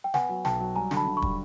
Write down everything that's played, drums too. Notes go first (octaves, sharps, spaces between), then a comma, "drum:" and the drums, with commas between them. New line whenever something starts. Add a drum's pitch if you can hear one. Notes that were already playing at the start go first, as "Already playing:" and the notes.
G5
B3 F#5 G#5, drum: snare
F#3
B1 G5 A5, drum: snare
F#3
G3 G#5 A#5
D3, drum: snare
A5 B5
D3
B5 C#6
G3, drum: kick